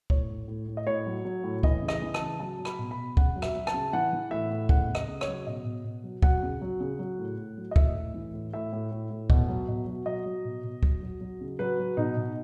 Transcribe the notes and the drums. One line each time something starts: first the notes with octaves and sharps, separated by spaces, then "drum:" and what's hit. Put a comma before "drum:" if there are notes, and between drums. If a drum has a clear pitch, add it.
A2 C#5, drum: kick
A2
A2
A2
D#5
A2 C#5
F#3
F#3
A2
E3 D#5, drum: kick
C#3
D#5, drum: rim click
E3
A5, drum: rim click
C#3
F#3 A5
F#3
B5, drum: rim click
B2
B5
B2
C#3 F#5, drum: kick
F#3
E5, drum: rim click
F#3
A5, drum: rim click
C#3
E3 F#5
E3
A2 E5
A2
C#3 F#5, drum: kick
C#3
D#5, drum: rim click
C#3
C#5, drum: rim click
F#3
B2 D#5
B2
B2
F#3
F#3 F#5, drum: kick
C#3
F#3
C#3
F#3
A2
A2
F#3
D#5
A2 E5, drum: kick
A2
E3
A2
A2 E5
A2
A2
A2
B2, drum: kick
F#3
B2
F#3
F#3 D#5
F#3
B2
B2
F#3, drum: kick
F#3
F#3
C#3
F#3 B4
F#3
B2 D#4
B2